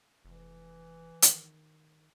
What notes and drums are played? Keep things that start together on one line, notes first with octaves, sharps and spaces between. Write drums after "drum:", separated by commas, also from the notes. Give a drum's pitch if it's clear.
F1 E3
D#3, drum: hi-hat